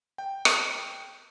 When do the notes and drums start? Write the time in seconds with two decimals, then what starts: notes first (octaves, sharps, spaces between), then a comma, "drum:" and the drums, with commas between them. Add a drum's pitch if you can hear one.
0.18 G5
0.45 drum: rim click